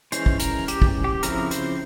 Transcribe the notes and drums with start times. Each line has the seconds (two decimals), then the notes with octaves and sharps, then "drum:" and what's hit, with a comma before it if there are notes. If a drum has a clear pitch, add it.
0.12 E3 G#3 C#4 C5, drum: hi-hat
0.26 drum: kick
0.40 A#4, drum: hi-hat
0.68 G4, drum: hi-hat
0.82 drum: kick
1.04 G4
1.23 C#3 F3 C4 E4 A#4, drum: hi-hat
1.51 C5, drum: hi-hat